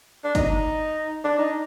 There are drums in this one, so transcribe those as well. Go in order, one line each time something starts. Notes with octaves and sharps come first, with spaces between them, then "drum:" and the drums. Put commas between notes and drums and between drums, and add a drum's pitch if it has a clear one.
D4
D#4, drum: kick, hi-hat
D4
D#4